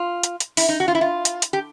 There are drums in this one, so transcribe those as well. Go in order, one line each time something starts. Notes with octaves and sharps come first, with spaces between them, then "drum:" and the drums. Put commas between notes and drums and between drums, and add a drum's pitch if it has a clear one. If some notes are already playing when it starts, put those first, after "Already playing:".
Already playing: F4
drum: hi-hat
drum: hi-hat
E4, drum: open hi-hat
D#4
F#4
F4
E4
F4
drum: hi-hat
drum: hi-hat
G4